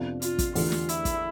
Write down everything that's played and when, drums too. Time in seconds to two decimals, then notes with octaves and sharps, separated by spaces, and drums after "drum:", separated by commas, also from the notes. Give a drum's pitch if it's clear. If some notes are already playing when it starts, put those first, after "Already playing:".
Already playing: F2 C3 F3 B3 D4
0.22 F4, drum: hi-hat
0.39 drum: kick, hi-hat
0.55 E2 D3 A3 D4 F4 G4, drum: open hi-hat
0.72 drum: snare
0.89 E4, drum: hi-hat
1.05 drum: kick, hi-hat